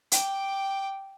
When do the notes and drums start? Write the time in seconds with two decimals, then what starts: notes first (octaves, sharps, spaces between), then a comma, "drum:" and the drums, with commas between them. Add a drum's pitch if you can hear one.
0.12 G5 D6, drum: hi-hat